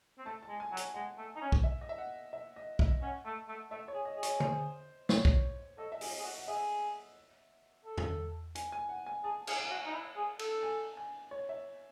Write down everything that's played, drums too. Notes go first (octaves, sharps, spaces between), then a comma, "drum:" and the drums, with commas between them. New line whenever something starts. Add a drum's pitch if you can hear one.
C4
A3 A5
A5
G#3
G#5
F#3 F#5
G#5, drum: hi-hat
G#3 F#5
A3
D#4
C#4
drum: kick
E5
D#5
E5
F#5
E5
D#5
E5, drum: kick
C#4 F#5
A3
A3
A3 E5
C#5
G#4
D#5
G#4
C#5, drum: hi-hat
C5, drum: tom D3
C#5, drum: snare
drum: kick
A4 D#5
E5
G#4, drum: open hi-hat
D#5
G#4
F#4
F#5
G#4 E5
A4
drum: tom E2
G#5, drum: hi-hat
G#5
F#5
G#5
G#4 A5
G#4, drum: cymbal
G#5
F#4
D#4
E4
G#4
A4, drum: cymbal
G#5
G#5
C#5
E5